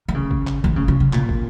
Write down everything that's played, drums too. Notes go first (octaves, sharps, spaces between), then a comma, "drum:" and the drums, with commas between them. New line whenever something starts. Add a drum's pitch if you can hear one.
D#3
C#3
drum: kick
drum: clap
D#3, drum: kick
C#3
C#3
C#3
A#2, drum: clap
drum: kick